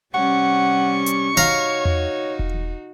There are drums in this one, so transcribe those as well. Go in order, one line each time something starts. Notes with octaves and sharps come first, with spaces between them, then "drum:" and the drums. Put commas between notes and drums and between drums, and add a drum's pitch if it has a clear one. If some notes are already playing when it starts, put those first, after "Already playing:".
C3 G3 C#4 F#5 C#6
drum: hi-hat
D#4 F#4 C#5 F5 A#5
drum: tom E2
drum: kick E1